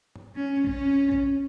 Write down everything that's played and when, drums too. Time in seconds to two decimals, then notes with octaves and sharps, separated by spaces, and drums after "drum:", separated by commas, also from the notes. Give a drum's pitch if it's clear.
0.16 drum: tom
0.36 C#4
0.67 C#4, drum: kick A#1
1.12 drum: kick A#1